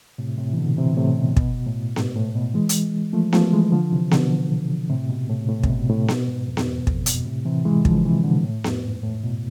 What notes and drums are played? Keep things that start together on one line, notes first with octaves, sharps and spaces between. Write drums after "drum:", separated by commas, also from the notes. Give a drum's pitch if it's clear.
A2 C3
A2 C3
E3
B2 D3
C3 E3
A2 C3
B2
B2, drum: kick
A2
G#2, drum: snare B3
A2
B2
E3 G#3
drum: hi-hat
F3 A3
F3 A3, drum: snare B3
E3 G#3
D3 F3
C3 E3
B2 D3, drum: snare B3
A2 C3
B2
A2
A2
C3, drum: kick
B2
A2 C3
B2, drum: snare B3
G#2
F2
drum: snare B3
E2
F2, drum: kick
B2, drum: hi-hat
A2 C3
C3 E3
E3 G#3
D3 F3, drum: kick
C3 E3
B2 D3
A2
F2, drum: snare B3
G#2
A2
B2